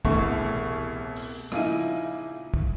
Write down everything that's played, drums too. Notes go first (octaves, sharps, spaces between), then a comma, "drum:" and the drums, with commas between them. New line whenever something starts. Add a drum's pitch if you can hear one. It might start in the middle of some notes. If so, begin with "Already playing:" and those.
E1 C2 A2 E3 A3 C#6, drum: kick
drum: open hi-hat
A#1 C#3 A#3 D#4 E4 D#7, drum: rim click
drum: kick